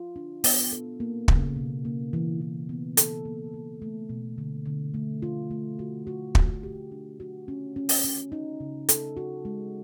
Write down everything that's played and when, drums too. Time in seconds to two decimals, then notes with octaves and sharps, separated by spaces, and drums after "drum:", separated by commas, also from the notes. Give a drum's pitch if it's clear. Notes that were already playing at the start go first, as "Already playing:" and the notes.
Already playing: F4
0.16 D4
0.44 B3, drum: open hi-hat
0.72 A4
1.00 A#3
1.28 C#3, drum: kick
1.56 B2
1.85 A#3
2.13 E3
2.41 E3
2.69 B3
2.97 A4, drum: hi-hat
3.25 A#3
3.54 A#3
3.82 A3
4.09 B2
4.38 D3
4.66 D3
4.94 A3
5.22 F4
5.51 A3
5.79 F#4
6.07 F#4
6.35 F#4, drum: kick
6.63 G4
6.92 D4
7.20 F#4
7.48 C#4
7.76 C#4
7.89 drum: open hi-hat
8.04 C#4
8.32 D#4
8.60 C#3
8.89 A4, drum: hi-hat
9.17 F#4
9.45 G#3